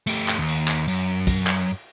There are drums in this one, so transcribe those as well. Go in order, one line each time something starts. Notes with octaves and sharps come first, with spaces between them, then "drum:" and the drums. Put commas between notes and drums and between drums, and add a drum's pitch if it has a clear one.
A3 G4, drum: cymbal
drum: clap
D#2
drum: cymbal
drum: clap
F#2, drum: cymbal
drum: kick, cymbal
drum: clap